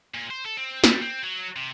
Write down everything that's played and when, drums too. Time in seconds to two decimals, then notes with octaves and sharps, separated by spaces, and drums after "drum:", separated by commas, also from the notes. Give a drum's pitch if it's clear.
0.14 A#2
0.30 C5
0.45 A4
0.57 C4
0.84 G3, drum: snare
1.02 C4
1.23 F#3
1.56 C3